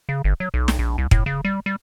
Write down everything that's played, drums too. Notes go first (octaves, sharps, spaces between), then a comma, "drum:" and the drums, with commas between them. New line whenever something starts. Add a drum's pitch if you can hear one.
C#3
G1
F#3
B1
drum: snare
A#1
C2
A2, drum: kick
C#3
G3
G3